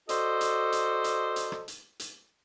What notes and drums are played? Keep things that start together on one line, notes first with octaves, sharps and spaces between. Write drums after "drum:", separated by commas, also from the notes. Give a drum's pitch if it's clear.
F#4 A4 C5 D5 D#5, drum: hi-hat
drum: hi-hat
drum: hi-hat
drum: hi-hat
drum: hi-hat
drum: rim click
drum: hi-hat
drum: hi-hat